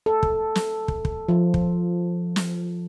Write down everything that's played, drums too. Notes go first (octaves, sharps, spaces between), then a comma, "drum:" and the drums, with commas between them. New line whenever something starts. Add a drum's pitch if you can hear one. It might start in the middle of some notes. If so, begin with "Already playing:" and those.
A4
drum: kick
drum: snare
drum: kick
drum: kick
F3
drum: kick
drum: snare